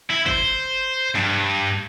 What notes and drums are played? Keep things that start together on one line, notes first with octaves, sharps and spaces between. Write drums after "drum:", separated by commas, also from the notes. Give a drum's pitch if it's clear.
E4
C5, drum: kick
G2, drum: snare